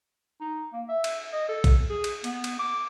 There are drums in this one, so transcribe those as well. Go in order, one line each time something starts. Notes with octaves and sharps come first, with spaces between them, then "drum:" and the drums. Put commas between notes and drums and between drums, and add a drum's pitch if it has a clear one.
D#4
A#3
E5
drum: cymbal
D#5
A4
drum: kick, cymbal
G#4
drum: cymbal
B3, drum: cymbal
drum: cymbal
D6